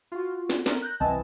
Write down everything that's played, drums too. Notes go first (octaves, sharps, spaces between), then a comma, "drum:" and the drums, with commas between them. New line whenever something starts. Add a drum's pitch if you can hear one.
F4 F#4
drum: snare
A#4, drum: snare
F#6 G6 A#6
C2 E3 C4 D#5 G#5 A5